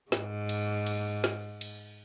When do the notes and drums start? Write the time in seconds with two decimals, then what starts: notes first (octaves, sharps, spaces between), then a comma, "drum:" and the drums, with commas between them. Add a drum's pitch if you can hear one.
0.12 G#2, drum: snare
0.49 drum: cymbal
0.86 drum: cymbal
1.24 drum: snare
1.61 drum: cymbal